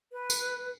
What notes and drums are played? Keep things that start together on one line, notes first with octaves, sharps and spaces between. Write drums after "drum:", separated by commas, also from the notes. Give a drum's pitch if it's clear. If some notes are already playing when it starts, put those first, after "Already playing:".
B4
drum: tambourine